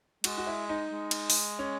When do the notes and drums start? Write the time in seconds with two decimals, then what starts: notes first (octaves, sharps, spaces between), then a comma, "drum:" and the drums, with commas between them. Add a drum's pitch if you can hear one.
0.24 G#3 F#4, drum: cymbal
0.38 F#4
0.47 E4
0.69 D#4
0.92 G#3
1.11 drum: cymbal
1.30 drum: open hi-hat
1.59 C#4